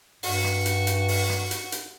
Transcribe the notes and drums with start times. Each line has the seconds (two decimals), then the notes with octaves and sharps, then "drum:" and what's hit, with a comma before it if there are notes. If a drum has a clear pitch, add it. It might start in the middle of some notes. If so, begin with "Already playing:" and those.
0.23 G2 F#4, drum: open hi-hat
0.44 drum: rim click
0.66 drum: hi-hat
0.87 drum: hi-hat
1.08 drum: open hi-hat
1.30 drum: rim click
1.51 drum: hi-hat
1.72 drum: hi-hat